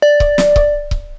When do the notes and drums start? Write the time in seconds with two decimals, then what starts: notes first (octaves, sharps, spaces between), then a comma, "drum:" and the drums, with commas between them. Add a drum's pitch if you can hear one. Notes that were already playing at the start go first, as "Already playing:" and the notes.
0.02 D5
0.20 drum: kick C#1
0.38 drum: snare
0.56 drum: kick C#1
0.91 drum: kick C#1